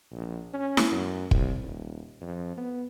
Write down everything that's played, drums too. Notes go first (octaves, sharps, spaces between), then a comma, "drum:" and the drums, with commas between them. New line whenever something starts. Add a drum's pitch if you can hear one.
A#1
C#4
drum: snare E4
F#2
C2, drum: kick
D#1
F2
B3